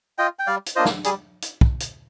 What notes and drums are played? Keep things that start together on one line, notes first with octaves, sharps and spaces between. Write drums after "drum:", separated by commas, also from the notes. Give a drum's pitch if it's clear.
F4 D#5 G5
G5
G3 D5 F5
drum: hi-hat
A#3 D4 F4 C5 D#5
drum: snare
G3 G#4, drum: hi-hat
drum: hi-hat
drum: kick
drum: hi-hat